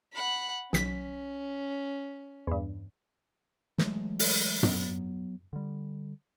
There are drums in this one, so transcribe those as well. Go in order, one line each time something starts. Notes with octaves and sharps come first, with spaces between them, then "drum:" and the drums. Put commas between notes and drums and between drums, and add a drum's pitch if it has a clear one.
F#5 B5
B1 C#4 B6, drum: snare
E2 G2
E3 F#3 G#3 A3, drum: snare
drum: open hi-hat
F#3 B3, drum: tom
D3 G3